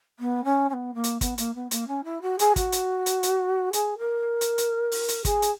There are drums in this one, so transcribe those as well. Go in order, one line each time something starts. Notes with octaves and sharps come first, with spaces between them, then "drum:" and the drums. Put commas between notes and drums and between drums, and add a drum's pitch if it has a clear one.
B3
C#4
C#4
B3
A#3
drum: hi-hat
B3, drum: kick, hi-hat
A#3, drum: hi-hat
B3
A#3, drum: hi-hat
C#4
E4
F#4
G#4, drum: hi-hat
F#4, drum: kick, hi-hat
drum: hi-hat
drum: hi-hat
drum: hi-hat
G#4, drum: hi-hat
A#4
drum: hi-hat
drum: hi-hat
drum: open hi-hat
drum: hi-hat
G#4, drum: kick, hi-hat
drum: hi-hat